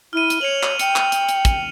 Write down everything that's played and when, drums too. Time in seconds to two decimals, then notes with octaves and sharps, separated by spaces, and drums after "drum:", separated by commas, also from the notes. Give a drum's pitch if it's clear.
0.13 E4 F6 D#7
0.30 drum: hi-hat
0.41 C#5 C#7 F7 F#7
0.63 drum: clap
0.79 G5 C#7, drum: hi-hat
0.96 drum: clap
1.12 drum: hi-hat
1.29 drum: hi-hat
1.45 drum: kick, hi-hat